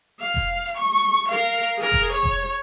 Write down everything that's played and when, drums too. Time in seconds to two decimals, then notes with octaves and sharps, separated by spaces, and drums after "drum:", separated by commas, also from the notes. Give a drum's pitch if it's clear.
0.19 F5
0.34 drum: kick F1, open hi-hat
0.66 drum: hi-hat
0.78 C#6
0.97 drum: hi-hat
1.29 A#4 F5, drum: hi-hat
1.60 drum: hi-hat
1.76 G#4 A#4
1.92 drum: kick F1, hi-hat
2.13 C#5
2.23 drum: kick F1